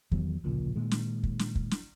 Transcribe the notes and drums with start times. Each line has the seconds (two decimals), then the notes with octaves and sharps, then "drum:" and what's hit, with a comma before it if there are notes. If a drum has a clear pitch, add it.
0.11 E2 D#3 F#3 B3, drum: kick
0.44 D1 A#1 A#2 C#3
0.76 A#2 D#3 G#3
0.91 drum: snare
1.23 drum: kick
1.39 drum: snare
1.55 drum: kick
1.71 drum: snare